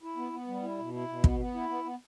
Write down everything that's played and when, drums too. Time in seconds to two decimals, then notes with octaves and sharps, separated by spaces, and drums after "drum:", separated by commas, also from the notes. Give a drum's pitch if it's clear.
0.03 E4
0.17 B3
0.32 B3
0.47 G3
0.62 E4
0.78 B2
0.93 E4
1.08 B2
1.24 B3, drum: kick
1.39 B3
1.54 E4
1.69 B3
1.84 B3